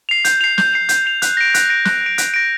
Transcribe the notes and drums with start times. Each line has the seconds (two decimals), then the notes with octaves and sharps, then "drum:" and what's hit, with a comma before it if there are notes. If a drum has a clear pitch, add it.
0.09 C7 F7
0.25 G6, drum: hi-hat
0.41 C7 F7
0.58 G6, drum: snare
0.74 C7 F7
0.89 G6, drum: hi-hat
1.06 C7 F7
1.22 F#6, drum: hi-hat
1.37 A#6 D7
1.54 F#6, drum: hi-hat
1.69 A#6 D7
1.85 F#6, drum: snare
2.02 A#6 D7
2.18 F#6, drum: hi-hat
2.34 A#6 D7